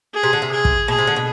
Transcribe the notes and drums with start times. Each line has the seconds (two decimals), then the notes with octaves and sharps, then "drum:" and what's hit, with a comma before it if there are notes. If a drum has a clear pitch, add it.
0.14 G#4
0.23 C3
0.33 D3
0.42 C3
0.51 G#4
0.65 drum: kick
0.88 B2 G#4
0.98 C3
1.07 D3
1.16 B2